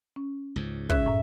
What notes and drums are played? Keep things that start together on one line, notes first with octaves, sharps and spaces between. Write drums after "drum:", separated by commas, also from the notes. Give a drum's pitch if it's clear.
C#4
C#2 G#2
C#4 G#4 E5 F#6, drum: kick
F#2 A2